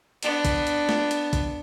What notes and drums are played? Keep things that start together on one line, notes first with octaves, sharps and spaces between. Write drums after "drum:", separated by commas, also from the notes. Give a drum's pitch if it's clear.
B3 D4, drum: hi-hat
drum: kick, hi-hat
drum: hi-hat
drum: snare
drum: hi-hat
drum: kick, hi-hat